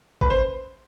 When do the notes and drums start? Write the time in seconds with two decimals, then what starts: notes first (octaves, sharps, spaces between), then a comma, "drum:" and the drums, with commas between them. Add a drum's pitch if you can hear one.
0.21 B4, drum: kick
0.30 C5